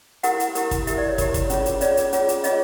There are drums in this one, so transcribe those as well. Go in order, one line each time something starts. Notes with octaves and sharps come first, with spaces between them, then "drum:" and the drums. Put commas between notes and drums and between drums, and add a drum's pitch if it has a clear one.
E4 G4 A#4 F#5, drum: hi-hat
drum: hi-hat
E4 G4 A#4, drum: hi-hat
drum: kick, hi-hat
E4 G4 A#4 E5, drum: hi-hat
D5
C#5
E4 G4 A#4, drum: kick, hi-hat
drum: kick, hi-hat
C#4 F4 G#4 C#5, drum: hi-hat
drum: hi-hat
C#4 F4 G#4 C#5 D5, drum: hi-hat
drum: hi-hat
C#4 F4 G#4 C#5, drum: hi-hat
drum: hi-hat
C#4 F4 G#4 C#5 D#5, drum: hi-hat